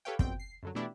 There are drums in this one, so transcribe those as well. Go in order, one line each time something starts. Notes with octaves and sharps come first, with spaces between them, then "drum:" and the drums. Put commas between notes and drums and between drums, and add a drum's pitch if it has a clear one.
G4 A4 B4 C#5 F5 G5
A#1 F#2 B2 C4 G5, drum: kick
C7
F#2 D3 F#3
B2 E3 A3 D4 E4 G4